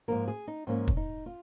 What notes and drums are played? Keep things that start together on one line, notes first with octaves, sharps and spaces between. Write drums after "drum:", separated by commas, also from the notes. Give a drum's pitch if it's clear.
G#2 F3 A#3 A#4
G#4
D#4
G#2 F3 A#3 C#4
drum: kick
D#4
F4